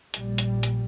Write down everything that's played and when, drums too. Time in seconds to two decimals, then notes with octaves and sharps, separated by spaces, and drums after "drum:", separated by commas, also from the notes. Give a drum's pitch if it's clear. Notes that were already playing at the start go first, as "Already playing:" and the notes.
0.14 A#1 A#2 G3, drum: hi-hat
0.38 drum: hi-hat
0.63 drum: hi-hat